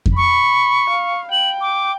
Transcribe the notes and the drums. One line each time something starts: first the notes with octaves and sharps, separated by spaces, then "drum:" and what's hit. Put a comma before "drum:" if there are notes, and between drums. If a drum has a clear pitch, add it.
drum: kick F2
B5 C#6
F5
G5 F#7
D6